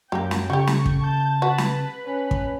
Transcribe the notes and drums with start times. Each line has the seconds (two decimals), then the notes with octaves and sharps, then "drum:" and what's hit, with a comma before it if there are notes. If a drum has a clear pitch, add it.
0.12 F#2 A#3 G4 G5
0.31 drum: snare
0.50 C#3 F#4 G4 A4 C#6
0.67 drum: snare
0.86 drum: kick
1.04 A5 G6
1.42 F#4 B4
1.58 drum: snare
2.06 C#4
2.31 drum: kick